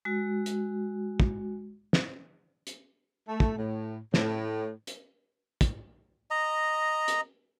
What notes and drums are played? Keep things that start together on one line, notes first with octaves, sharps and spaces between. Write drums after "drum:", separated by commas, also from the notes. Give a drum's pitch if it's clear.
G#3 F#4
drum: hi-hat
drum: kick
drum: snare
drum: hi-hat
A3
drum: kick
A2
A2, drum: snare
drum: hi-hat
drum: kick, hi-hat
D#5 A#5
drum: hi-hat